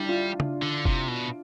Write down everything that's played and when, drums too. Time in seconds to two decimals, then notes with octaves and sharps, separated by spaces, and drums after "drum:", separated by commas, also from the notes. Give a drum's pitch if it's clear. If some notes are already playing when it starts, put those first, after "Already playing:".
Already playing: G3 D4 E4
0.09 F4
0.40 drum: tom
0.62 D3
0.85 C3, drum: kick F1
1.08 B2